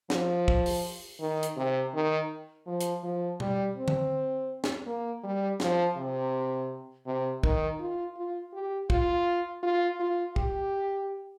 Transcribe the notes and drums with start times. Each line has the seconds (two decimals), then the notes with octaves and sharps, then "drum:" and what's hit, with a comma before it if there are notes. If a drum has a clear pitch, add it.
0.10 F3, drum: snare
0.48 drum: kick
0.66 drum: open hi-hat
1.20 D#3
1.43 drum: hi-hat
1.57 C3
1.94 D#3
2.67 F3
2.81 drum: hi-hat
3.03 F3
3.40 G3, drum: tom B2
3.77 C4
3.88 drum: tom D3
4.64 drum: snare
4.86 A#3
5.23 G3
5.60 F3, drum: snare
5.96 C3
7.06 C3
7.43 D#3, drum: kick
7.80 F4
8.17 F4
8.53 G4
8.90 F4, drum: kick
9.63 F4
9.99 F4
10.36 G4, drum: kick